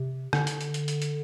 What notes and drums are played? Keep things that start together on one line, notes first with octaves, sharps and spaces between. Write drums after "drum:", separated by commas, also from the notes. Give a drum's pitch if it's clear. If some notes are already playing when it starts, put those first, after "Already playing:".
Already playing: C3
D3, drum: rim click
drum: hi-hat
drum: hi-hat
drum: hi-hat
drum: hi-hat
drum: hi-hat